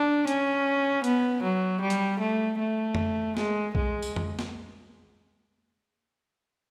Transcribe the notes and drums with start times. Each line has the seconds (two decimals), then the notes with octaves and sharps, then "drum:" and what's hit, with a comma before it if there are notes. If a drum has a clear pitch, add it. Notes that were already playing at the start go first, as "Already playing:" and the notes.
Already playing: D4
0.27 C#4, drum: hi-hat
1.04 B3, drum: hi-hat
1.43 F#3
1.81 G3
1.90 drum: hi-hat
2.20 A3
2.59 A3
2.95 drum: tom F2
3.37 G#3, drum: snare
3.75 G#3, drum: kick B1
4.02 drum: tambourine
4.16 drum: tom F2
4.39 drum: snare